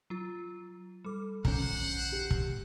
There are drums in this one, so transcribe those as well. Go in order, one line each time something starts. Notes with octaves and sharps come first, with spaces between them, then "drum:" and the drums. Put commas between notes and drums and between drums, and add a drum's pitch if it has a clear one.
F#3 F4
G3 A4 D6
A#1 D3 C#4 C5 F#5 A#5, drum: kick
G4
drum: kick